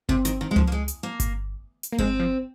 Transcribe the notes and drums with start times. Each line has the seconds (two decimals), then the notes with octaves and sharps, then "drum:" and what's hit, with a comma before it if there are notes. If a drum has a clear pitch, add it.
0.09 C3 C4, drum: kick G1
0.25 D#3, drum: hi-hat
0.41 D#3
0.51 G#3
0.56 F3, drum: tom C#2
0.67 A#3
0.72 G#3
0.88 drum: hi-hat
1.03 A#3
1.20 drum: kick G1, hi-hat
1.83 drum: hi-hat
1.92 A#3
1.98 G#3 C4, drum: kick G1
2.20 F3